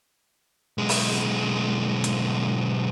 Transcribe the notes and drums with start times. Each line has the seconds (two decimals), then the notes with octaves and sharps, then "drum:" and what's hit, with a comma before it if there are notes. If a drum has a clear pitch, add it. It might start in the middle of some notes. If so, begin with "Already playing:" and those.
0.78 B1 G#3
0.89 drum: open hi-hat
2.04 drum: hi-hat